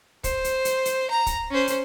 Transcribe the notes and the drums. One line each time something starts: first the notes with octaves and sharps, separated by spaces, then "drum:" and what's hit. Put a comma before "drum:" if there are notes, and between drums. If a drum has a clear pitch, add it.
C5, drum: kick, hi-hat
drum: hi-hat
drum: hi-hat
drum: hi-hat
A#5
drum: kick, hi-hat
C#4 C5
drum: hi-hat